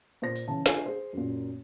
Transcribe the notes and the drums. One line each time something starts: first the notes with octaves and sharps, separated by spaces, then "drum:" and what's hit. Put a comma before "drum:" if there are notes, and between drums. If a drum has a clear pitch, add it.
A#2 C5 A#6
drum: open hi-hat
C#3 E3 A5
D4 F4 G#5 C7, drum: snare
G#4 C5
F#2 A#2